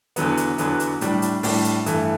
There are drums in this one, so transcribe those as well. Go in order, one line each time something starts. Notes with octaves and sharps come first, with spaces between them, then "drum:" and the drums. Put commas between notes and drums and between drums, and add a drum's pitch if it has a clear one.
E2 D3 F#3 B3, drum: hi-hat
drum: hi-hat
E2 D3 F#3 B3, drum: hi-hat
drum: hi-hat
A2 G3 D4, drum: hi-hat
drum: hi-hat
A2 G3 D4, drum: open hi-hat
drum: hi-hat
G2 E3 A3, drum: hi-hat